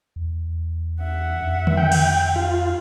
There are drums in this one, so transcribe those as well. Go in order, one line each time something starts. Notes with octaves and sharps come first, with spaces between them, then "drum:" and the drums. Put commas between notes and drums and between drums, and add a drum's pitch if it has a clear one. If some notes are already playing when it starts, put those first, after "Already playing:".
E2
E5 F#5
F2
drum: tom D3
G5
drum: cymbal
F4